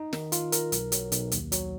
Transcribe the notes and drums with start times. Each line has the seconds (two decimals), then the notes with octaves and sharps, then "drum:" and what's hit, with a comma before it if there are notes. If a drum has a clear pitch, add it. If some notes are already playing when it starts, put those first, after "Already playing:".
Already playing: D#4
0.13 D#3, drum: snare
0.32 F4, drum: hi-hat
0.52 A#4, drum: hi-hat
0.72 B1, drum: hi-hat
0.92 F#3, drum: hi-hat
1.12 B1, drum: hi-hat
1.32 D#2, drum: hi-hat
1.52 F#3, drum: hi-hat